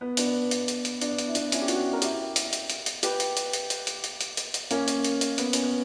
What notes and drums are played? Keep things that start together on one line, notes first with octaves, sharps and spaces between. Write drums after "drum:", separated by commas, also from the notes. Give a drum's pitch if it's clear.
B3
B3 D4, drum: hi-hat
drum: hi-hat
drum: hi-hat
drum: hi-hat
B3 D4, drum: hi-hat
drum: hi-hat
E4
B3 D4, drum: hi-hat
C#4 E4, drum: hi-hat
G4
D4 F#4, drum: hi-hat
A#4
E4 G4, drum: hi-hat
drum: hi-hat
drum: hi-hat
drum: hi-hat
drum: hi-hat
G4 B4, drum: hi-hat
drum: hi-hat
drum: hi-hat
drum: hi-hat
drum: hi-hat
drum: hi-hat
drum: hi-hat
drum: hi-hat
drum: hi-hat
drum: hi-hat
A#3 C#4, drum: hi-hat
drum: hi-hat
drum: hi-hat
drum: hi-hat
B3, drum: hi-hat
C#4, drum: hi-hat
B3